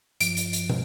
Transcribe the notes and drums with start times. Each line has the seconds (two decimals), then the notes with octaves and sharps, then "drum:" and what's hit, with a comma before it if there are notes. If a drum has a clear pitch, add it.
0.20 G2 F3 D7, drum: hi-hat
0.37 drum: hi-hat
0.53 drum: hi-hat
0.69 drum: tom